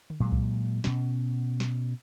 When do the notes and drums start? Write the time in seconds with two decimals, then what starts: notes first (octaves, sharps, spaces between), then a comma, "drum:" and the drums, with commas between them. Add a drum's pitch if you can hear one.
0.10 drum: tom D3
0.20 A#2 F#3 G#3
0.32 drum: kick C2
0.84 B2 C#4, drum: snare
1.60 drum: snare